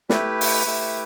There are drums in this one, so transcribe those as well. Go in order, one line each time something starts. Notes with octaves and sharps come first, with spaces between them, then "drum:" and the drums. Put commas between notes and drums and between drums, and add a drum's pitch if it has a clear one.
A3 E4 G4 B4, drum: snare
drum: open hi-hat
A3 E4 G4